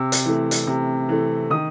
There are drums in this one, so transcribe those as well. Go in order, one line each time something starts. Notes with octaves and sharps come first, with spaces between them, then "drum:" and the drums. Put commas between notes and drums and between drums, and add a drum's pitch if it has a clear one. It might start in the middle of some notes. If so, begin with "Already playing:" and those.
Already playing: C3 E6
drum: hi-hat
E3 A3
drum: hi-hat
C3
E3 A3
D#3 D#6